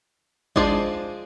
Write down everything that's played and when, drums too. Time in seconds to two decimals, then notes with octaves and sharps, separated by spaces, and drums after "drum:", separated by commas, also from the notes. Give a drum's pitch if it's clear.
0.56 F3 G#3 D4 G#4 C5, drum: kick G#1